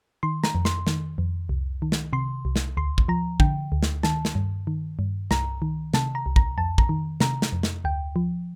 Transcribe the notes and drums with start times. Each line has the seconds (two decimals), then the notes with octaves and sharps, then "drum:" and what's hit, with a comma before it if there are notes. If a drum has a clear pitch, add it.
0.23 D#3 C6
0.44 A#5, drum: snare
0.55 F2
0.65 C6, drum: snare
0.87 D#3, drum: snare
1.18 F2
1.49 C2
1.82 D#3
1.92 drum: snare
2.13 C3 C6
2.45 C2
2.56 drum: snare
2.77 D2 C6
2.98 drum: kick
3.08 F3 A#5
3.40 D3 G5, drum: kick
3.72 D2
3.83 drum: snare
4.03 D#3 A5, drum: snare
4.25 drum: snare
4.35 G2
4.67 D#3
4.99 G2
5.31 C2 A#5, drum: snare
5.62 D#3
5.94 C3 A5, drum: snare
6.15 A#5
6.26 C2
6.36 A#5, drum: kick
6.58 F2 A5
6.78 A#5, drum: kick
6.89 D#3
7.20 C3 A#5, drum: snare
7.42 drum: snare
7.52 F2
7.63 drum: snare
7.84 D2 G5
8.16 F3